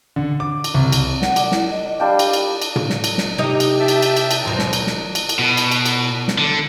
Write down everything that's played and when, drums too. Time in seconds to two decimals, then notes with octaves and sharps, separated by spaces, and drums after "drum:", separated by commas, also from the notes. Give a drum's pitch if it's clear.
0.16 D3
0.40 D6
0.64 drum: cymbal
0.74 C2
0.92 drum: cymbal
1.22 F#5, drum: snare
1.36 D5, drum: cymbal
1.52 E4, drum: snare
1.71 D#5
2.00 G3 D4 F5 G5
2.19 drum: cymbal
2.33 drum: cymbal
2.62 drum: cymbal
2.76 drum: tom
2.90 drum: snare
3.04 drum: cymbal
3.18 drum: snare
3.38 C3 D#4 G4 D#5
3.60 drum: cymbal
3.79 E5 G5 A5
3.88 drum: cymbal
4.02 drum: cymbal
4.17 drum: cymbal
4.31 drum: cymbal
4.45 D#2 B2 F#3 C5 A#5
4.59 drum: snare
4.73 drum: cymbal
4.87 drum: snare
5.15 drum: cymbal
5.29 drum: cymbal
5.39 B2
5.57 drum: cymbal
5.71 drum: cymbal
5.86 drum: cymbal
6.28 drum: snare
6.38 D3